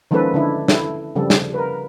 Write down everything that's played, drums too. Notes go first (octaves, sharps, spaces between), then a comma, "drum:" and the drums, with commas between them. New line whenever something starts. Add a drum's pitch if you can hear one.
D#3 F3 G#3 C#4 A4 B4
D3 D4 E4
E4 A4, drum: snare
C#3 F3 G3 A4
drum: snare
A#4 B4